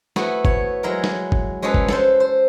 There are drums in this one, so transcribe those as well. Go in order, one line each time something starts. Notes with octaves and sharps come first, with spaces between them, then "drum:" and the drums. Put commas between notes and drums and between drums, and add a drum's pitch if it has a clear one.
A3 B3 E4 F#4, drum: snare
C#5, drum: kick G1
F#3 G#3 E4 A#4
drum: snare
drum: kick G1
G#3 C#4 F#4 G#4 A4 B4
drum: kick G1
A4 C5, drum: snare
C5